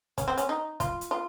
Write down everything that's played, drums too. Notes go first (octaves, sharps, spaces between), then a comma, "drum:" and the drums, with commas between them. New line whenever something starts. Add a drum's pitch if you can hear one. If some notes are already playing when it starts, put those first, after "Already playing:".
C#4, drum: kick, hi-hat
C4
C#4, drum: hi-hat
D#4
F4, drum: kick, hi-hat
drum: hi-hat
F4